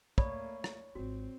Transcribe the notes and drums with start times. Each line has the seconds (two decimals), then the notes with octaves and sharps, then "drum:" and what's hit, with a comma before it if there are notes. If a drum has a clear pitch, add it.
0.18 A3 A#3 C#5 D5 B5 D#6, drum: kick
0.64 drum: rim click
0.95 G#1 C4 F4 F#4